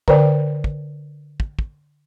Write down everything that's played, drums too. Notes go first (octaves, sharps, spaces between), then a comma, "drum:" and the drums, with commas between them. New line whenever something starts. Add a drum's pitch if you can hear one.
D3 A#4 C5 D5 G5, drum: kick
drum: kick
drum: kick
drum: kick